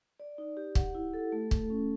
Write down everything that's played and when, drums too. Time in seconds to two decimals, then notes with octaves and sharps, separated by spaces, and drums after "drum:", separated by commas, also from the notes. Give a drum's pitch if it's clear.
0.20 D5
0.38 D#4
0.57 G4
0.75 F#5, drum: kick
0.95 E4
1.14 A4
1.32 A3
1.51 A3, drum: kick
1.70 C#4